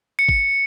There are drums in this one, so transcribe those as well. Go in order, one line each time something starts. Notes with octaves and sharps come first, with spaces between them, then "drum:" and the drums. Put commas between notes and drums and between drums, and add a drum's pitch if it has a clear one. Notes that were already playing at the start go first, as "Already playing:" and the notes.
C#7
drum: kick G#1